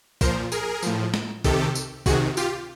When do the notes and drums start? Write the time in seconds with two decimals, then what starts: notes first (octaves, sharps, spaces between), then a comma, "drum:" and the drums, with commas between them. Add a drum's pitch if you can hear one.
0.21 A#2 F3 A#4 C5, drum: kick, tambourine
0.52 G#4 A#4, drum: tambourine
0.83 A2 F3, drum: tambourine
1.14 drum: snare
1.44 C3 D#3 G4 A4, drum: kick, tambourine
1.75 drum: tambourine
2.06 C3 D#3 F#4 G#4, drum: kick, tambourine
2.37 F4 G4, drum: tambourine